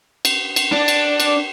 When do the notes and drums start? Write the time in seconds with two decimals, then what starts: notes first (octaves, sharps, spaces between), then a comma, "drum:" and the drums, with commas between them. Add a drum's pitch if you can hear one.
0.25 drum: cymbal
0.56 drum: cymbal
0.72 D4
0.88 drum: cymbal
1.20 drum: cymbal